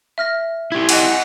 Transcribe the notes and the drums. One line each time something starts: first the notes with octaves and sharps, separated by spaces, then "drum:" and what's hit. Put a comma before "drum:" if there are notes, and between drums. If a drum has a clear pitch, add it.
E5 F6 A#6
E4 G4 G#6
D#5 F#5 G#5, drum: cymbal